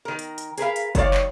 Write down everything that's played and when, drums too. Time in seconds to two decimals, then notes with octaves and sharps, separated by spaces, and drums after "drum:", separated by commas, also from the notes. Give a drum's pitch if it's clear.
0.05 D#3 A#4
0.19 drum: hi-hat
0.38 drum: hi-hat
0.58 G#4 A#4 B4 F5, drum: hi-hat
0.76 drum: hi-hat
0.95 D#3 F#3 C#5 D5 F5, drum: kick F#1, hi-hat
1.14 drum: clap